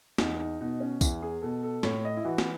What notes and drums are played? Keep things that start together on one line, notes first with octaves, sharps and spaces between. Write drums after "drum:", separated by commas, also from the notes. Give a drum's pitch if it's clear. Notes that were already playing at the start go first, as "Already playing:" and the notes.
E2 D#4, drum: snare
D#4
B2 D#4
C#4
E2 E4, drum: kick B1, tambourine
G#4
B2 A4
A4
A2 C#5, drum: snare
D#5
E4
E3 F#4
drum: snare